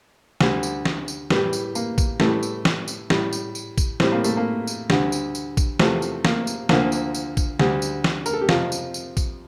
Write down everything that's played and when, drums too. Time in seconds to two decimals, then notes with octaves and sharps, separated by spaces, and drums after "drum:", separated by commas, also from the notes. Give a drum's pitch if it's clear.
0.41 D2 D3 G3, drum: snare
0.63 drum: tambourine
0.85 drum: snare
1.08 drum: tambourine
1.30 A2 E3 G3 G4, drum: snare
1.53 drum: tambourine
1.75 A#3, drum: tambourine
1.98 drum: kick A1, tambourine
2.20 A2 E3 G3 A3, drum: snare
2.43 drum: tambourine
2.65 drum: snare
2.88 drum: tambourine
3.10 A2 G3, drum: snare
3.33 drum: tambourine
3.55 drum: tambourine
3.78 drum: kick A1, tambourine
4.00 A2 G3 C4, drum: snare
4.12 A#3
4.24 A3, drum: tambourine
4.37 A#3
4.67 drum: tambourine
4.90 D2 D3 G3, drum: snare
5.12 drum: tambourine
5.35 drum: tambourine
5.57 drum: kick A1, tambourine
5.80 E2 C3 F3 A3, drum: snare
6.02 drum: tambourine
6.25 A#3, drum: snare
6.47 drum: tambourine
6.69 D2 D3 F3 A#3, drum: snare
6.92 drum: tambourine
7.15 drum: tambourine
7.37 drum: kick A1, tambourine
7.59 D2 D3 G3, drum: snare
7.82 drum: tambourine
8.04 drum: snare
8.26 A#4, drum: tambourine
8.33 A4
8.42 G4
8.49 F2 C3 F3 F4, drum: snare
8.72 drum: tambourine
8.94 drum: tambourine
9.17 drum: kick A1, tambourine